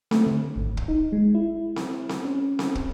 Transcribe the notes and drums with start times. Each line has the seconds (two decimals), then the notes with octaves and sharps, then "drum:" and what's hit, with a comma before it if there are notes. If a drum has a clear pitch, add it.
0.11 A3, drum: snare C4
0.27 D3
0.56 G#1
0.77 drum: kick
0.88 D#4
1.12 G#3
1.35 E4
1.76 drum: snare C4
2.09 drum: snare C4
2.25 C#4
2.59 drum: snare C4
2.75 drum: kick